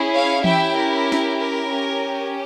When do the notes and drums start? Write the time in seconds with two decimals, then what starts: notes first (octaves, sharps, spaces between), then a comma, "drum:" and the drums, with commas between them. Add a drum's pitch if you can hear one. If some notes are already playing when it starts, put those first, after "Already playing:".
Already playing: C#4 E4 G#4
0.13 C#5 F5
0.44 C#4 E4 G4 E5 G5, drum: tom E3
0.76 A#4
1.12 drum: snare
1.39 A#4
1.70 C#4 G4